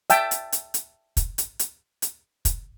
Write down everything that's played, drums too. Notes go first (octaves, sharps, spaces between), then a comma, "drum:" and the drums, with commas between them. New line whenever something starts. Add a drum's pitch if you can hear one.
E5 G5 A5, drum: hi-hat
drum: hi-hat
drum: hi-hat
drum: hi-hat
drum: kick, hi-hat
drum: hi-hat
drum: hi-hat
drum: hi-hat
drum: kick, hi-hat